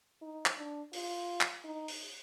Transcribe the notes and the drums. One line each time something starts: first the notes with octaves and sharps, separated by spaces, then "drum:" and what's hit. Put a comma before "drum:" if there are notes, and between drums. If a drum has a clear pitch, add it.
D#4
drum: clap
D4
F4, drum: open hi-hat
drum: clap
D#4
drum: open hi-hat